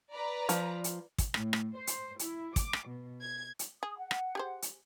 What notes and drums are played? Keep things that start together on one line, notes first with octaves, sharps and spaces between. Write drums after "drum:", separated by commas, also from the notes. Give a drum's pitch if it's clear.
B4 D5 A#5
F3, drum: hi-hat
drum: hi-hat
drum: kick, hi-hat
A2, drum: rim click
drum: rim click
C5
drum: hi-hat
E4, drum: hi-hat
D6, drum: kick, hi-hat
drum: rim click
B2
G#6
drum: hi-hat
G#4 D#6
F#5
drum: rim click
G4 G#4 C5
drum: hi-hat